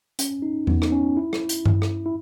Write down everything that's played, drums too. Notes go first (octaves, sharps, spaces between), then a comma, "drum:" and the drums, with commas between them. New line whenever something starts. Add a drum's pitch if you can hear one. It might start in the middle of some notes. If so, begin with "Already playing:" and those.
C#4, drum: hi-hat
D#4
B3, drum: tom E2
D#4, drum: rim click
C#4
E4
drum: rim click
drum: hi-hat
drum: tom G2
drum: rim click
E4